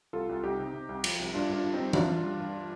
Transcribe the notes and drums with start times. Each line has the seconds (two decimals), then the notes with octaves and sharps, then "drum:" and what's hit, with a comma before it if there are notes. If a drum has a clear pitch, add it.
0.13 C2 F4 A4
0.29 C2
0.43 C2 D#4 G4
0.59 C3
0.74 C3
0.89 C2
1.04 F3, drum: cymbal
1.19 C2
1.34 G2 D4 F4
1.49 G2 D4 F4
1.64 G2
1.73 C4 D#4
1.79 G3
1.93 G2 D4 F4, drum: tom E3
2.08 G2
2.24 G3
2.39 G2